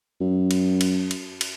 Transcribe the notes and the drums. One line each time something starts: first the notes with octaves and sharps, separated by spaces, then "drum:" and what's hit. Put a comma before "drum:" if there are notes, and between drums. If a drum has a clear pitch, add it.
F#2
drum: cymbal
drum: cymbal
drum: cymbal
drum: cymbal